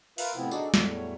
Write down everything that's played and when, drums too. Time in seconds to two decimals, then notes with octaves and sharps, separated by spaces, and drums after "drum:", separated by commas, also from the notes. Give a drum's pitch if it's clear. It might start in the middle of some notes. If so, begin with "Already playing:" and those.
0.18 F4 A#4 B4 E5 F5, drum: open hi-hat
0.36 A2 C3 F3 B3 C4 E4
0.51 D4 D#4 F#4 G#4 A4 D5, drum: tambourine
0.74 E2 A2 F#3 G3 A3 C#5, drum: snare